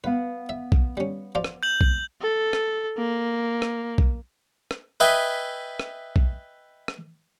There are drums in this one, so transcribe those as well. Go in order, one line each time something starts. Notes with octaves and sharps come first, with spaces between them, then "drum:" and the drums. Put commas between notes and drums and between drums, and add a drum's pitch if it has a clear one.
B3 B4 F5 F#5
E5
drum: kick
G3 C#4
F3 F4 D5
drum: rim click
G6 F#7
drum: kick
A4
drum: rim click
A#3
drum: rim click
drum: kick
drum: rim click
B4 D#5 E5 G5 G#5
drum: rim click
drum: kick
drum: rim click